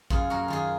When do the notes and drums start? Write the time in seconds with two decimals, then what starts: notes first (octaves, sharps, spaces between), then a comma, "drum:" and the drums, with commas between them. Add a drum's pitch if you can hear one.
0.10 F#2 F4 G#4, drum: kick A1
0.30 F#2 F#4 A#4
0.48 D#3 F4 G#4